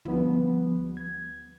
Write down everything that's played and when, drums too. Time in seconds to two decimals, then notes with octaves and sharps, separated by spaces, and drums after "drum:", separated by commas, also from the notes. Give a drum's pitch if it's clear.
0.05 D2 F3 G3 B3, drum: tom
0.97 G#6